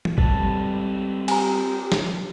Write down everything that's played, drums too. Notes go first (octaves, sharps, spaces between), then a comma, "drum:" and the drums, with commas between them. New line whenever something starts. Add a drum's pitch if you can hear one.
drum: tom
G3 C4 A4 B4 A5, drum: kick G#1
G4 G#5 A#5, drum: cymbal
drum: snare